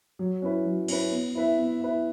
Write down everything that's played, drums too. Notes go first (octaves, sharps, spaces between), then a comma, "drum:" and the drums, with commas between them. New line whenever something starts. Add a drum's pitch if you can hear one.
F#3
C#4 E4 B4
F#3
C#4 E4 B4, drum: cymbal
B3
E4 B4 E5
B3
E4 B4 E5